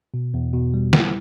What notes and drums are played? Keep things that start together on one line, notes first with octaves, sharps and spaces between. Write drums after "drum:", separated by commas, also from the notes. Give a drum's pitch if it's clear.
B2
E2
B2
G3
E4, drum: snare